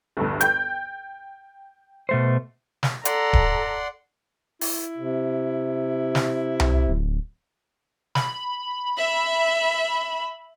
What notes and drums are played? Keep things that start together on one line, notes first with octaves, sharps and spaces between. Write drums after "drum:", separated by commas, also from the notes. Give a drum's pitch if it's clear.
G1 D2 G2
G5 G6, drum: hi-hat
B2 A3 C5
drum: snare
A4 D5 F#5 A#5 C6, drum: hi-hat
drum: kick D1
E4, drum: open hi-hat
C3
drum: snare
drum: tom C2
D1
B5, drum: snare
E5